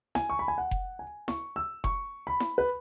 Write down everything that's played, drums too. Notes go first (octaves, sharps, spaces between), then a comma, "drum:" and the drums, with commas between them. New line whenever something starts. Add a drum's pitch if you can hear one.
G#5, drum: snare E4
C#6
B5
G#5
F#5
drum: kick F1
G#5
C#6, drum: snare E4
E6
C#6, drum: kick F1
B5
drum: snare E4
B4